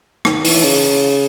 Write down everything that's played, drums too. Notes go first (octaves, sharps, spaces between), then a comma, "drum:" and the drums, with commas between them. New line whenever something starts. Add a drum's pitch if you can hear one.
D#3, drum: rim click
E3, drum: open hi-hat
C#3